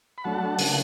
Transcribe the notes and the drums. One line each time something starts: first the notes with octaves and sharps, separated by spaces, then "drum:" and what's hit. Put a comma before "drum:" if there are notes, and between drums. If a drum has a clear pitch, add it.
B5
F#3 A3 D4 F#5 A5
C#3, drum: open hi-hat